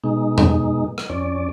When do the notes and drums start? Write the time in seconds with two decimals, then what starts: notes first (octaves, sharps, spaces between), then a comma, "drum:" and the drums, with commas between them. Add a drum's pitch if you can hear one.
0.04 B2 G#3 D#4
0.38 drum: tom E2
0.98 drum: rim click
1.10 F2 C#4 D5